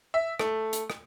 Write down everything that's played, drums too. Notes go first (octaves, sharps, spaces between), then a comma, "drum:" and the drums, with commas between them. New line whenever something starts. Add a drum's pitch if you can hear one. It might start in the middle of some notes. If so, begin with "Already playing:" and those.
E5
A3, drum: rim click
drum: hi-hat
drum: rim click